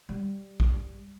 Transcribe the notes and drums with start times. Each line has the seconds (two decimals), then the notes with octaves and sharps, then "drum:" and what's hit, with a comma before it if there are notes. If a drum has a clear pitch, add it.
0.09 G3
0.60 drum: kick B1